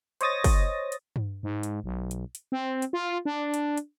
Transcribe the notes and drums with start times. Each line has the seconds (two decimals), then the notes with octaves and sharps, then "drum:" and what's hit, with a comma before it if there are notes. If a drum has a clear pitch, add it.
0.21 C5 C#5 D#5 D#6 A6 A#6, drum: hi-hat
0.44 drum: kick, open hi-hat
0.92 drum: hi-hat
1.16 drum: tom G2
1.43 G#2
1.63 drum: hi-hat
1.84 B1
2.11 drum: hi-hat
2.35 drum: hi-hat
2.52 C4
2.82 drum: hi-hat
2.93 F4
3.25 D4
3.54 drum: hi-hat
3.77 drum: hi-hat